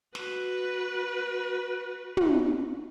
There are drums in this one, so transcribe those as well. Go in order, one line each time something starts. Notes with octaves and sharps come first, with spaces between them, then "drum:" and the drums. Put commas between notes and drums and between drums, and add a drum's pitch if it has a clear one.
F#4 B4, drum: snare
drum: tom